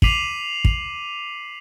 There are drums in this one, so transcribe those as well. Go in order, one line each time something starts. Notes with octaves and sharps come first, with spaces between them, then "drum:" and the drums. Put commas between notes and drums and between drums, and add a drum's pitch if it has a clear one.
D6 B6 C7 D#7 F7 F#7, drum: kick
drum: kick